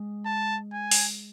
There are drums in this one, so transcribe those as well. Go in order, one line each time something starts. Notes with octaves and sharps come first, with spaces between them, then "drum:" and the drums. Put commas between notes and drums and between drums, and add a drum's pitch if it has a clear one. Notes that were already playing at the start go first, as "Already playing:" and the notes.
Already playing: G#3
A5
G#5
drum: open hi-hat